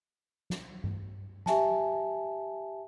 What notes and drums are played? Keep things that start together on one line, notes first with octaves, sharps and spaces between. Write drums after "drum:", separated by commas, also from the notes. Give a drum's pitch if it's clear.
drum: snare
drum: tom G2
G4 E5 G#5 A5, drum: snare